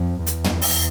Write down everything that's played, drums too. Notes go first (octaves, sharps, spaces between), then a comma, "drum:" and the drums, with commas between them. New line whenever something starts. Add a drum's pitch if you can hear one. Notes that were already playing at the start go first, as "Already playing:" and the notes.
Already playing: F2
E2, drum: hi-hat
drum: tom
drum: open hi-hat